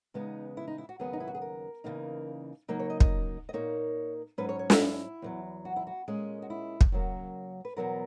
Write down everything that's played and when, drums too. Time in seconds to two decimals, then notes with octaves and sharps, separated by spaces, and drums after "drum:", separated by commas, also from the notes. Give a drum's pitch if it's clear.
0.14 E2 C#3 G#3 B3 D#4
0.57 E4
0.68 D#4
0.78 E4
0.89 F#4
0.99 D#2 C#3 F#3 B3 G#4
1.13 D#4
1.20 E4
1.28 F#4
1.35 G#4
1.42 A#4
1.84 E2 C#3 E3 A#3 D#4
2.68 C#3 F#3 A#3 D#4 A#4
2.79 C#5
2.90 D#5
3.00 D#5, drum: kick
3.49 D#5
3.53 A#2 A#3 D#4 C#5
4.38 G#2 F#3 C#4 B4
4.49 C#5
4.59 C#5
4.70 D#4, drum: snare
4.80 E4
5.22 E2 D#3 F#3
5.65 F#4
5.76 E4
5.87 F#4
6.08 A#2 G#3 C#4 G#4
6.42 F#4
6.50 E4
6.81 drum: kick
6.92 F#2 C#3 F#3 A#3 F#4
7.65 B4
7.77 E2 B2 F#3 B3 A#4